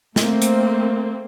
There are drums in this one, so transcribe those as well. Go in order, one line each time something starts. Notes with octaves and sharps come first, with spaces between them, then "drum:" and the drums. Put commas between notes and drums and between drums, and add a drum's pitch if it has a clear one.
A3 A#3 C4, drum: snare
drum: hi-hat